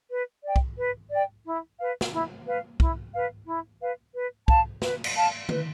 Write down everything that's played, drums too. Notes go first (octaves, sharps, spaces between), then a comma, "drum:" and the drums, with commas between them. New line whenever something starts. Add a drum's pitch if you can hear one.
B4
D5 G5
drum: kick
B4
D5 G5
E4
B4 F5
drum: snare
E4
B4 F5
E4, drum: kick
B4 F5
E4
B4 F5
B4
F5 A5, drum: kick
B4, drum: snare
drum: cymbal
F5 A5
B4, drum: tom D3